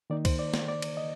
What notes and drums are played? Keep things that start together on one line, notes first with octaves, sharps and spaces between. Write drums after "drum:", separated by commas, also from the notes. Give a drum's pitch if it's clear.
D#3 A#3 D#4 D5
C5, drum: kick C#2, cymbal
D5
drum: snare
D5
drum: cymbal
D#5